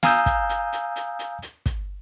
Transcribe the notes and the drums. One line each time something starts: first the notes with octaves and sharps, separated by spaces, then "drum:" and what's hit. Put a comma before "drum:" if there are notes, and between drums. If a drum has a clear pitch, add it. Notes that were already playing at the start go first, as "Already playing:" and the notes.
F5 G#5 A#5 D#6 E6 G6, drum: snare
drum: kick, hi-hat
drum: hi-hat
drum: hi-hat
drum: hi-hat
drum: hi-hat
drum: hi-hat
drum: kick, hi-hat